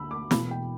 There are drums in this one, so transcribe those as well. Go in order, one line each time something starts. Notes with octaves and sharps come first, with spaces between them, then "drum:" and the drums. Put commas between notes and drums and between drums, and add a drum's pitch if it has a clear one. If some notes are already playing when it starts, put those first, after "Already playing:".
Already playing: D2 D3 B5 E6
D6
E1 E2 B2 B5, drum: snare
G5